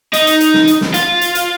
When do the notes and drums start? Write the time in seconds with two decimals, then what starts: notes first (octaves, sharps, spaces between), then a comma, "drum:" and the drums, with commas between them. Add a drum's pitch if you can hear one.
0.13 D#4, drum: hi-hat
0.27 drum: hi-hat
0.40 drum: hi-hat
0.54 drum: snare
0.67 drum: hi-hat
0.81 drum: snare
0.94 F4, drum: hi-hat
1.21 drum: hi-hat
1.35 drum: hi-hat